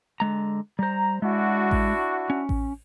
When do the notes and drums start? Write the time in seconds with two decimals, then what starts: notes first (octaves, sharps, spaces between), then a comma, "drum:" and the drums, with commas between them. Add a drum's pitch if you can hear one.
0.20 D3 G#3 A#5
0.79 G3 C5 A#5
1.22 G#3 D4 E4 F#4
1.71 drum: kick A1
2.30 C#4
2.49 drum: kick A1